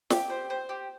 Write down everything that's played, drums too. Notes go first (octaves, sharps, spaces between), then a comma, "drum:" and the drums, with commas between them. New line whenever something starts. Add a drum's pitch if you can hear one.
G4, drum: snare
C5
C5
G4